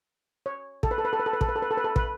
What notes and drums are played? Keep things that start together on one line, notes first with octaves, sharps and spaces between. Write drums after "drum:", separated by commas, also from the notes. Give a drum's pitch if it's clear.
C#5
A4, drum: kick
B4
A4
B4
A4
B4
A4
B4
A4, drum: kick
B4
A4
B4
A4
B4
A4
B4, drum: kick